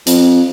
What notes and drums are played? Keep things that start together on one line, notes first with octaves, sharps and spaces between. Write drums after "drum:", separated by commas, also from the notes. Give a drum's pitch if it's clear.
F2, drum: hi-hat